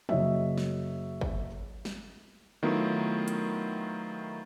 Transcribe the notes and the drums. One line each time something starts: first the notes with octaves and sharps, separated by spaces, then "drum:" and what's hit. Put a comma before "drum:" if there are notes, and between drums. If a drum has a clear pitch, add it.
F#1 F#3 C#5 D#5 E5, drum: tom E3
drum: snare
drum: kick
drum: snare
D#3 F#3 A3 B3 E4 F4
drum: hi-hat